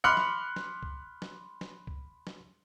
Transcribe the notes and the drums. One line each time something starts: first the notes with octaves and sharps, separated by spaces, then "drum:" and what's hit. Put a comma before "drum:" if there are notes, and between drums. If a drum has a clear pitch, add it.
B5 C6 D6 F6 F#6 C#7
drum: snare
drum: snare
drum: kick C#2
drum: snare
drum: snare
drum: kick C#2
drum: snare